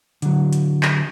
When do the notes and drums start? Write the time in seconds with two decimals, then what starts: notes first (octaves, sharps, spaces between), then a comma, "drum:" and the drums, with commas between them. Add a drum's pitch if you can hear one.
0.22 D3 F#3, drum: hi-hat
0.53 drum: hi-hat
0.83 drum: clap